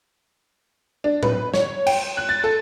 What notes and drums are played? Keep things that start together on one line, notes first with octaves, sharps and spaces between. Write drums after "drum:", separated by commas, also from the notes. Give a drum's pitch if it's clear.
D4
B4, drum: tom A2
C#5, drum: snare
G5, drum: cymbal
F#6
A6
A4